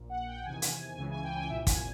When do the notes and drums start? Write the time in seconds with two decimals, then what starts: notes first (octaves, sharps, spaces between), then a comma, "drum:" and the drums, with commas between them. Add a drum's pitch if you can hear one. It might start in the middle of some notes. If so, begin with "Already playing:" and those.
Already playing: A#1 A#2
0.09 F#5
0.27 G5
0.45 E2 C3 D#3 G#5
0.62 drum: hi-hat
0.97 C#2 C#3 E3 G#5
1.10 G#5
1.23 G5
1.37 G#5
1.50 C2 A#2 E5
1.67 G#5, drum: kick, hi-hat